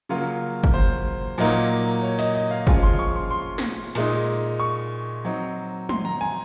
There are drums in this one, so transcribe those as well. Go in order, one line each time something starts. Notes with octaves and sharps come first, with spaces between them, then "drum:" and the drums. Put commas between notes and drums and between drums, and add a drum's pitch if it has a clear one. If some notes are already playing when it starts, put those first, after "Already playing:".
C#3 F#3 A#3 F4
drum: kick
C5
A#2 F#3 A#3 D#4
C#5
D#5, drum: open hi-hat
D#5
F5
F3 G#3 C#4 F4 G#5, drum: kick
C6
C#6
C6
C6
drum: snare
A#2 G#3 D#4, drum: hi-hat
C#6
F#3 C4 D#4
C6, drum: tom
A#5
G#5